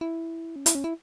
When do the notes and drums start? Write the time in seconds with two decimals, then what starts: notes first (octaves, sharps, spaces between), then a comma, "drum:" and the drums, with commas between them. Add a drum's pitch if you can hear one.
0.01 E4
0.56 C#4
0.66 E4, drum: hi-hat
0.75 C#4
0.84 E4